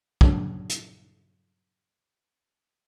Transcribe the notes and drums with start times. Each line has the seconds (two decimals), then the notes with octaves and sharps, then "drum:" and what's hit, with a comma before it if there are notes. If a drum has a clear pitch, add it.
0.21 G2 A#2 C#3 F#3 D4, drum: kick
0.69 drum: hi-hat